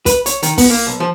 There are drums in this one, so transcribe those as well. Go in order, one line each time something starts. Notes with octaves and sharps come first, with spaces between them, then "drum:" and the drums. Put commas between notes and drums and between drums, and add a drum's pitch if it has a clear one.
B4, drum: kick, hi-hat
C#5, drum: hi-hat
D#3, drum: hi-hat
B3, drum: kick, open hi-hat
A#3
B1
F3